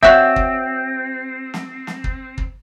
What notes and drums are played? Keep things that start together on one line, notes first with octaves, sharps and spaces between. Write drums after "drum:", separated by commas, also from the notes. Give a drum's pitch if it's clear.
C4 F#4 C#5 E5, drum: kick
drum: kick
drum: snare
drum: snare
drum: kick
drum: kick